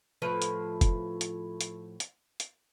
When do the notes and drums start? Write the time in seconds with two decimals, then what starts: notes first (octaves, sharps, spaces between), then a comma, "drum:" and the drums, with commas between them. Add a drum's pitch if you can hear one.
0.22 A2 F3 B4
0.42 drum: hi-hat
0.81 drum: kick F1, hi-hat
1.21 drum: hi-hat
1.61 drum: hi-hat
2.00 drum: hi-hat
2.40 drum: hi-hat